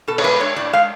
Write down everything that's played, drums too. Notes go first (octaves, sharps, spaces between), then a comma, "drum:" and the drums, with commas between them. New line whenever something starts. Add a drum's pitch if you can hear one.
B2 A4
C#5, drum: cymbal
G#3 B4
D4 C#5
A2 D5
G#3 F5